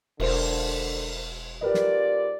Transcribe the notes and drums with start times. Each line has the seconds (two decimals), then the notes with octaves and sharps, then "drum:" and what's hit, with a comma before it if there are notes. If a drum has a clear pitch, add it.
0.20 E1 D3 A#4 C5, drum: cymbal
1.62 G#2 F4 G4 A#4 B4 D5
1.74 drum: snare